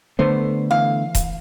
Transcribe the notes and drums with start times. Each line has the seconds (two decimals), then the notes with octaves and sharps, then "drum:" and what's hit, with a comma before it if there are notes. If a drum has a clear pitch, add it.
0.19 D3 A3 B3 C5
0.71 E3 F5
1.15 drum: kick D#1, hi-hat